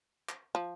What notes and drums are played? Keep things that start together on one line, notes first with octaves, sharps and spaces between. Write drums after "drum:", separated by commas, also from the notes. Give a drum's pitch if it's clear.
drum: clap
F3